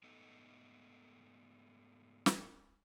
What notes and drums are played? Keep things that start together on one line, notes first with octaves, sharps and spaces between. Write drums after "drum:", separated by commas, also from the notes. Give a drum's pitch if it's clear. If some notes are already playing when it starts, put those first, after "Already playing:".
G#2 A3 B3 D#4 A4 D#5
drum: snare